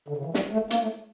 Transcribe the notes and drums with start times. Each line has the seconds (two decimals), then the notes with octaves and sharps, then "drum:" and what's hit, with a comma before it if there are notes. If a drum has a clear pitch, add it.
0.08 D3
0.17 C#3
0.25 E3
0.34 G3, drum: snare
0.53 A3
0.70 A#3, drum: hi-hat
0.82 A3